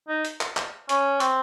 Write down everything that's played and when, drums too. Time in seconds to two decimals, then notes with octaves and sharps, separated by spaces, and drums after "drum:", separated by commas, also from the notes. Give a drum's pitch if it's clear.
0.08 D#4
0.25 drum: hi-hat
0.41 drum: clap
0.57 drum: clap
0.89 C#4, drum: hi-hat
1.20 C4, drum: hi-hat